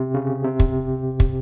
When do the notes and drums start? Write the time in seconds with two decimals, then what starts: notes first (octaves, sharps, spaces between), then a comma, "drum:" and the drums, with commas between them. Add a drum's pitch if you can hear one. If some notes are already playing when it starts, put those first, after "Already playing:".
Already playing: C3
0.14 C#3
0.45 C3
0.60 drum: kick
1.20 drum: kick